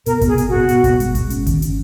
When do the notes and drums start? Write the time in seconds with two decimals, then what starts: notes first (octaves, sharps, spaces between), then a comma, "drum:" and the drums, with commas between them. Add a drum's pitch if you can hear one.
0.06 B2 A#4, drum: hi-hat
0.21 B2, drum: kick G1, hi-hat
0.27 G#4
0.38 B2, drum: hi-hat
0.48 B2 F#4
0.69 B2, drum: hi-hat
0.84 B2, drum: kick G1, hi-hat
1.00 G#3, drum: hi-hat
1.15 B2, drum: kick G1, hi-hat
1.30 C#4, drum: hi-hat
1.47 D#3, drum: kick G1, hi-hat
1.62 C#4, drum: hi-hat